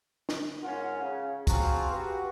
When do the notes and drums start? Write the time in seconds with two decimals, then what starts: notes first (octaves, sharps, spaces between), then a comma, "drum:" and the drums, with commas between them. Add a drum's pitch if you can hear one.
0.29 drum: snare
0.63 G#2 C#4 F4 A#4 F#5
1.01 C#3
1.47 C4 F4 F#4 G#4 A5 A#5, drum: kick, hi-hat
1.91 F#4 G4 B4